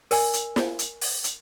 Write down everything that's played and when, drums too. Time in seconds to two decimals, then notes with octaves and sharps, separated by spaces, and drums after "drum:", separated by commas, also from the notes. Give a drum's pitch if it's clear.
0.11 A#4 D5 G#5 E6, drum: open hi-hat
0.33 drum: hi-hat
0.56 drum: snare
0.79 drum: hi-hat
1.01 drum: open hi-hat
1.24 drum: hi-hat